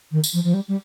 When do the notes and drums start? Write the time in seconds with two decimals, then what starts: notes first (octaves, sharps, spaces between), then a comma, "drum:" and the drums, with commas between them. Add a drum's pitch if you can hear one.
0.12 D#3
0.24 drum: tambourine
0.33 F3
0.44 F3
0.54 G3
0.68 G3